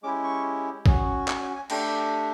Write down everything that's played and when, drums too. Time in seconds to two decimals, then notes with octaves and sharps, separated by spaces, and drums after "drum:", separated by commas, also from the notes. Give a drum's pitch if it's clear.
0.03 G#3 C#4 E4 G4 D6
0.24 C#6
0.86 C#4 F#4 D#6, drum: kick
1.28 D6, drum: clap
1.41 G#5
1.56 G#5
1.70 A3 D4 G4 G5, drum: cymbal